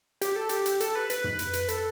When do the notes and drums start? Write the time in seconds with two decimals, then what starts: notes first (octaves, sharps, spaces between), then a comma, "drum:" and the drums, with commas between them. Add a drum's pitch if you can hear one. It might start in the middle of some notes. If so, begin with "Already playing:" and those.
0.21 G4, drum: hi-hat
0.36 A4
0.49 G4, drum: hi-hat
0.66 drum: hi-hat
0.80 A4, drum: hi-hat
0.95 B4
1.10 B4, drum: hi-hat
1.24 drum: tom
1.39 drum: hi-hat
1.53 drum: hi-hat
1.68 A4, drum: hi-hat